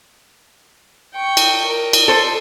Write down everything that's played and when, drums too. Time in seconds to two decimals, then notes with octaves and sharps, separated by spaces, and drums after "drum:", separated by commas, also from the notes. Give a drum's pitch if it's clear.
1.13 G5 C#6
1.37 drum: cymbal
1.65 A#4
1.93 drum: cymbal
2.08 A4 C5